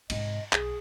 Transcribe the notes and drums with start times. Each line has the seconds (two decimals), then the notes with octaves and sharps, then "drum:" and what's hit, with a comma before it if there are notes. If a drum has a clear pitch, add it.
0.10 G#2 C3 D#5, drum: cymbal
0.53 B1 G#4, drum: clap